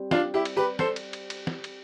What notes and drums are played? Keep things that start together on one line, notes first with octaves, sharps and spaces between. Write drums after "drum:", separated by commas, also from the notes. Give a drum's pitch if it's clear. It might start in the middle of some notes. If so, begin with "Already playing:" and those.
Already playing: G3 C4
D4 F4, drum: snare
E4 G4
drum: cymbal
G4 B4
A4 C5, drum: snare
drum: cymbal
drum: cymbal
drum: cymbal
drum: snare
drum: cymbal